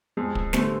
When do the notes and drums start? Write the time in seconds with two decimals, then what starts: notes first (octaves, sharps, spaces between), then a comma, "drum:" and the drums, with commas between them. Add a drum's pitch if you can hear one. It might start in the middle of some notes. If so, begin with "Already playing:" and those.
0.17 F2 G#3
0.35 drum: kick
0.53 D3 G3 A3 C4, drum: snare